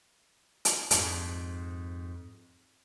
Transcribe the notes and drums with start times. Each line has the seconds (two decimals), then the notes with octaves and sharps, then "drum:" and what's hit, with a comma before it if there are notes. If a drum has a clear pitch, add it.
0.65 drum: hi-hat
0.91 F2 G#2, drum: hi-hat